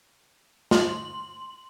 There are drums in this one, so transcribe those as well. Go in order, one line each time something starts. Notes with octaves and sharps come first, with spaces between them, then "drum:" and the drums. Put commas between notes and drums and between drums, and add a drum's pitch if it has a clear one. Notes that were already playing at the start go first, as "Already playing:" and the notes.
C6 F#7, drum: snare